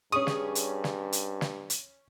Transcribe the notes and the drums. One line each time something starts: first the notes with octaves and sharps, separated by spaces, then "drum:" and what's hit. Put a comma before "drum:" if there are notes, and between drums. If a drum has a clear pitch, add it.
G2 C#4 G#4 C#6 D#6
drum: snare
drum: hi-hat
drum: snare
drum: hi-hat
drum: snare
drum: hi-hat